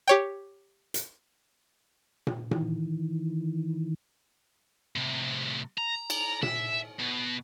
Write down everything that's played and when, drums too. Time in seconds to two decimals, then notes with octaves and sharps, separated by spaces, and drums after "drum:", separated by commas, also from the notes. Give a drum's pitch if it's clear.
0.08 G4 C#5 G5
0.94 drum: hi-hat
2.27 drum: tom A#2
2.51 D#3 E3, drum: tom A#2
4.96 A2 C3
5.78 A#5
6.10 drum: cymbal
6.43 E5, drum: tom A#2
7.00 B2